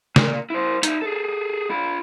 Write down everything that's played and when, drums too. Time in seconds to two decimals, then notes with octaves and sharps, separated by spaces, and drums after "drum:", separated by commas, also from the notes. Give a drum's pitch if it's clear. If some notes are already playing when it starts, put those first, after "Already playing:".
0.16 A#2, drum: snare
0.50 E4 C5
0.83 D#4 E5, drum: hi-hat
1.02 G#4 A4
1.70 F4 B5